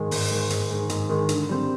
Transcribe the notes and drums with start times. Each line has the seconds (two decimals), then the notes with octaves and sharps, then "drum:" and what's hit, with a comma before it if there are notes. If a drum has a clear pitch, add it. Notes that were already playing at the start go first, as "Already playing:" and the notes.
Already playing: G#2 D#3 G#3
0.11 G#2, drum: open hi-hat
0.31 D#3 G#3
0.50 G#2, drum: hi-hat
0.71 D#3 G#3
0.90 G#2, drum: hi-hat
1.09 D#3 G#3
1.29 D3, drum: hi-hat
1.49 G3 C4